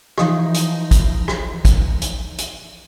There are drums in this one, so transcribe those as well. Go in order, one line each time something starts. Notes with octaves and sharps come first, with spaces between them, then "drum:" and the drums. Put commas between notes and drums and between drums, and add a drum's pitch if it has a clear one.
E3 F3 D#4, drum: rim click
drum: hi-hat
drum: kick, hi-hat
drum: rim click
drum: kick, hi-hat
drum: hi-hat
drum: hi-hat